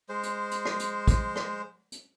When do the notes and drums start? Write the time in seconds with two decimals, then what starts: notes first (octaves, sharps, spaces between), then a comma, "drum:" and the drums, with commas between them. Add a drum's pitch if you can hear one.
0.09 G#3 C5
0.23 drum: hi-hat
0.51 drum: hi-hat
0.65 drum: rim click
0.79 drum: hi-hat
1.08 drum: kick, hi-hat
1.36 drum: rim click
1.92 drum: hi-hat